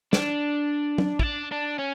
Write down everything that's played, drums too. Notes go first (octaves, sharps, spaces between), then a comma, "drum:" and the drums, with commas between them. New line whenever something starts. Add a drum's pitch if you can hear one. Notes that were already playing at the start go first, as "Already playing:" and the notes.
D4, drum: snare
drum: tom
E4, drum: kick
D4
D4
C#4